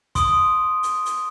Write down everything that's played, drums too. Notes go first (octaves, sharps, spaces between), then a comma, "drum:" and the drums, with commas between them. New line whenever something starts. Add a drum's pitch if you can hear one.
C6 D#6 D7, drum: kick, hi-hat
drum: hi-hat
drum: hi-hat